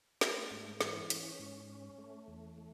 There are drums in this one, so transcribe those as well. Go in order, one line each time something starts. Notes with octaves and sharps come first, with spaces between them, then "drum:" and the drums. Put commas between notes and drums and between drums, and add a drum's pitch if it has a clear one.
A3, drum: snare
G#2
E3, drum: snare
C#4, drum: hi-hat
G#2
C#4
A3
E2
A3